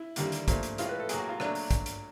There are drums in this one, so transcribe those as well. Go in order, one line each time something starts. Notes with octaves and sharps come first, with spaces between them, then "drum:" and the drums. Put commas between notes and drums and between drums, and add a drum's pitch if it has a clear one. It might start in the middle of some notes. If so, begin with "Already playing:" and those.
Already playing: E4
D#2 D3 G3 A#3, drum: hi-hat
drum: hi-hat
A#2 F3 A3, drum: kick, hi-hat
drum: hi-hat
A2 E3 G#3 F4, drum: hi-hat
B4
A4
A2 F#3 A#3 G#4, drum: hi-hat
F#4
F4
A#2 F#3 A3 D4, drum: rim click
drum: open hi-hat
drum: kick, hi-hat
drum: hi-hat